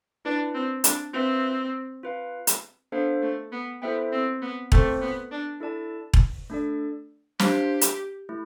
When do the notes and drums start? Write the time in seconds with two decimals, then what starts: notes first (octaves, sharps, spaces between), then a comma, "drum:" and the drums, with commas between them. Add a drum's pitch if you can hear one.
0.25 D4 E4 B4 D5
0.54 C4
0.84 D4, drum: hi-hat
1.13 C4 F4 B4 E5
2.03 F4 B4 F5
2.47 drum: hi-hat
2.92 B3 D4 A4 C5 F5
3.22 A3
3.52 B3
3.82 B3 E4 A4 C5 E5 G5
4.12 C4
4.42 B3
4.72 A3 C4 F4 C5, drum: kick E1
5.02 B3
5.31 D4
5.60 E4 A4 D5 A5
6.14 drum: kick E1
6.50 A3 D4 A4 D5
7.39 D4 F4 G4 C5 F5, drum: snare
7.81 drum: hi-hat
8.29 A3 E4